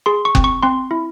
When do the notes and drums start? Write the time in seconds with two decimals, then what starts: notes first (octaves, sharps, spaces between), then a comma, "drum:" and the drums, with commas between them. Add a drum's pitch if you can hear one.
0.06 G#4 C6
0.25 C#6
0.35 C4, drum: kick F#1
0.44 C#6
0.63 C4 C6
0.91 E4